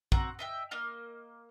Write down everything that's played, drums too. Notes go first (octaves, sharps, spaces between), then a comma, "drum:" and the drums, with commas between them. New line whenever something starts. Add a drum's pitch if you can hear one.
C4 F#4 F#5 A#5, drum: kick
D#5 E5 G5
A#3 D#5 F6